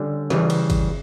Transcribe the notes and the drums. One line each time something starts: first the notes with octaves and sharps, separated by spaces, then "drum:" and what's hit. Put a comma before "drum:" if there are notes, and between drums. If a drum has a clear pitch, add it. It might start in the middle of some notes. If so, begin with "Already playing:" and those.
Already playing: D3 G3 C#4
C#3 E3 G3, drum: snare
drum: cymbal
drum: kick, cymbal